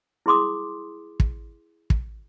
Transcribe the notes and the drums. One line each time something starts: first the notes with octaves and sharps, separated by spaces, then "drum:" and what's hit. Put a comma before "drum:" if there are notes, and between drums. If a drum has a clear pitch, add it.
E4 G#4 C6 D6 D#6
drum: kick
drum: kick